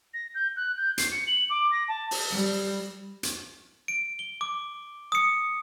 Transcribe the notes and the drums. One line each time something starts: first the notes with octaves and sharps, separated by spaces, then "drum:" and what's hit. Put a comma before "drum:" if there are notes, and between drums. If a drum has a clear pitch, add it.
A#6
G6
F#6
G6
C7, drum: hi-hat
C#7
F#7
D6
A#6
A5
drum: open hi-hat
G3
drum: hi-hat
D7
G7
D6
D#6 C#7